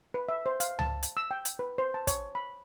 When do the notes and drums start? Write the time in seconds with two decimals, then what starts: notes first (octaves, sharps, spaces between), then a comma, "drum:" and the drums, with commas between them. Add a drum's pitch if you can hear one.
0.14 B4
0.29 E5
0.46 C5
0.60 F5, drum: hi-hat
0.79 A5, drum: tom C#2
1.03 drum: hi-hat
1.17 E6
1.31 G5
1.45 drum: hi-hat
1.59 B4
1.78 C5
1.94 A5
2.07 C#5, drum: kick, hi-hat
2.35 B5